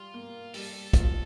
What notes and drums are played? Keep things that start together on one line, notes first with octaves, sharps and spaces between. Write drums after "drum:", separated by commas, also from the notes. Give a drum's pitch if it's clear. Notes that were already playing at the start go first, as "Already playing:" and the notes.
Already playing: G3 F4
A#3
G3 A4, drum: open hi-hat
F4, drum: kick, hi-hat